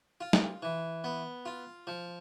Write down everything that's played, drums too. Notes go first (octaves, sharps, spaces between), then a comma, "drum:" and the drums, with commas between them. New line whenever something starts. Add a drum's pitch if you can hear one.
F4
drum: snare
E3
B3
F4
F3